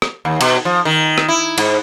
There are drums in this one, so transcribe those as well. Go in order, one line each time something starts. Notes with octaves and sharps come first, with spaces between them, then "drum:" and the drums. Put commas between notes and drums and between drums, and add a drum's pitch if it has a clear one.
drum: rim click
D#2
B2, drum: cymbal
F3
D#3
drum: rim click
E4
G#2, drum: cymbal